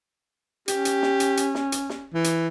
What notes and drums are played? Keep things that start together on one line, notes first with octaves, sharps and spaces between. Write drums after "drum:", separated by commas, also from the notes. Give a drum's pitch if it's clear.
C#4 G4, drum: hi-hat
drum: hi-hat
drum: snare
drum: hi-hat
drum: hi-hat
drum: snare
drum: hi-hat
drum: snare
E3
drum: hi-hat